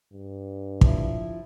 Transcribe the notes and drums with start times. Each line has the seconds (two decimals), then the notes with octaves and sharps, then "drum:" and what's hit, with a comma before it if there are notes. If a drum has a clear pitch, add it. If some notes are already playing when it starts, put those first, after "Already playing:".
0.13 G2
0.81 F3 E4, drum: kick